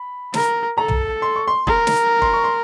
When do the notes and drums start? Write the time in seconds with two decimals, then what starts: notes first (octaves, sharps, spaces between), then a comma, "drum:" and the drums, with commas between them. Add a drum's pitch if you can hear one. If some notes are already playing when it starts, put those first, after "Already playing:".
Already playing: B5
0.34 A#4, drum: snare
0.78 A4 A#5
0.88 drum: tom
1.22 C6
1.36 C#6
1.48 C6
1.67 A#4, drum: kick
1.87 drum: snare
2.22 C6, drum: kick
2.33 C#6
2.44 C6